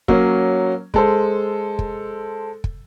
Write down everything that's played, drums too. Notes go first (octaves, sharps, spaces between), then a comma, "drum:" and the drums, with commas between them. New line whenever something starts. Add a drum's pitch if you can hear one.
F#3 A#3 C#4, drum: kick
G#3 A4 C5, drum: kick
drum: kick
drum: kick